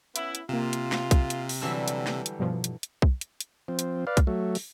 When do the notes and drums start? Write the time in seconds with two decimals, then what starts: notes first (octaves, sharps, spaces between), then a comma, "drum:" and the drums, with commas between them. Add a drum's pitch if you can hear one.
0.16 B3 C#4 E4, drum: hi-hat
0.35 drum: hi-hat
0.49 C3 A#3 F4 E7
0.73 drum: hi-hat
0.92 drum: snare
1.11 drum: kick B1, hi-hat
1.30 drum: hi-hat
1.49 drum: open hi-hat
1.61 D3 E3 F#3 G3 E6 B6
1.88 drum: hi-hat
2.07 drum: snare
2.26 drum: hi-hat
2.39 G2 B2 F3
2.64 drum: hi-hat
2.83 drum: hi-hat
3.02 drum: kick B1
3.21 drum: hi-hat
3.40 drum: hi-hat
3.68 F3 C4
3.79 drum: hi-hat
4.07 B4 D5 F5
4.17 drum: kick B1, hi-hat
4.27 F#3 A3
4.55 drum: open hi-hat